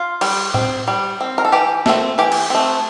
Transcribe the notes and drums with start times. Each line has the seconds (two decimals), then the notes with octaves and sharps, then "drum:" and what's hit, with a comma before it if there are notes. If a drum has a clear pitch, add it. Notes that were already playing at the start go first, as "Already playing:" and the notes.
Already playing: F4
0.21 G3, drum: cymbal
0.54 C4, drum: tom A2
0.88 G3
1.21 C4
1.38 A#4
1.45 A4
1.52 E3 G4
1.86 A3 C4, drum: snare
2.18 E3 G4
2.32 drum: cymbal
2.50 A3 C4